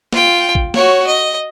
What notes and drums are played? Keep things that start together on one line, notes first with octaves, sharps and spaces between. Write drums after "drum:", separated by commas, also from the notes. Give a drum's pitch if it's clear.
F4 G5, drum: snare
drum: kick
F#4 C#5, drum: snare
D#5